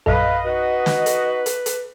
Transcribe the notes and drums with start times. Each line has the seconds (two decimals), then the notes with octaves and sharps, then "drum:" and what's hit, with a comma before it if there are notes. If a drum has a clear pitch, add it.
0.06 A#1 F#2 A4 B4 D#5 F5
0.45 D#4 F#4 B4
0.86 drum: snare
1.06 drum: hi-hat
1.46 drum: hi-hat
1.66 drum: hi-hat